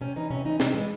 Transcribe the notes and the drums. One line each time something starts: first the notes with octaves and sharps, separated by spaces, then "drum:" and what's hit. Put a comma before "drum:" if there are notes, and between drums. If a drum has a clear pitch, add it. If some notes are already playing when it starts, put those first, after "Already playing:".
C3 C#4
E3 D#4
C3 C#4
E3 D#4
C3 D#4, drum: snare
E3 G#3